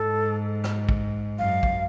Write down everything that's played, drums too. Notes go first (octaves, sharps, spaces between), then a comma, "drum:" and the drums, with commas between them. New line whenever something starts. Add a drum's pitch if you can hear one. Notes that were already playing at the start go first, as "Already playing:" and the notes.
Already playing: G#2 A4
drum: rim click
drum: kick
F#2 F5
drum: kick